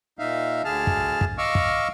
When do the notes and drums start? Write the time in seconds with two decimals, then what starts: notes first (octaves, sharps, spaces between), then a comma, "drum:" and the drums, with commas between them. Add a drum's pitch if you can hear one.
0.19 A#2 D#4 E5 F5
0.65 D2 D3 G#4 A5 F6
0.87 drum: kick
1.21 drum: kick
1.38 D#5 F5 C#6 D6 E6 F6
1.55 drum: kick